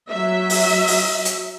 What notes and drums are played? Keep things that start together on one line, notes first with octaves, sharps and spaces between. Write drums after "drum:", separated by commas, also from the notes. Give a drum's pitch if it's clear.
F#3 E5
drum: open hi-hat
drum: open hi-hat
drum: hi-hat